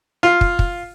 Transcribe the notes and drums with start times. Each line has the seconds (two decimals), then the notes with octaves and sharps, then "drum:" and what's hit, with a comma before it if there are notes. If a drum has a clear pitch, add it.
0.23 F4
0.41 drum: kick
0.59 drum: kick